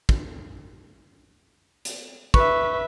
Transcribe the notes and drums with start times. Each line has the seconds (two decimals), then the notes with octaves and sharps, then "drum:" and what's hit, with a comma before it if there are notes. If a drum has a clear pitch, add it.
0.09 drum: kick
1.85 drum: hi-hat
2.34 B4 E5 C#6, drum: kick